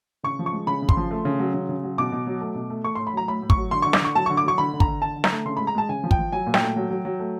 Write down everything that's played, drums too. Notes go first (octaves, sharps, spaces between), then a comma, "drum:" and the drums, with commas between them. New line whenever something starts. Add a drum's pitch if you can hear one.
C#3 C#6
F3
C#6
G#3
C#3 B5
C#3
C6, drum: kick
F3
A3
C#3
F#3
C#3
C#3
F#3
B2 D6
B2
F#3
A3
B2
A3
A3 C#6
A2 C6
B5
F#3 A#5
A2 B5
A2
C#6, drum: kick
F#3
D3 C6
D3 C#6
D6, drum: snare
D3 C#6
F#3 A5
D3 C#6
D6
F#3 C#6
D3 B5
D3
A#5, drum: kick
D3
D3 A5
D3
A#5, drum: snare
A3
C#3 C6
G#3 B5
A#5
G#3 A5
C#3 G#5
F3
G5, drum: kick
F3
F#3 G#5
A#2
G5, drum: snare
A3
F#3
F#3
F#3
A3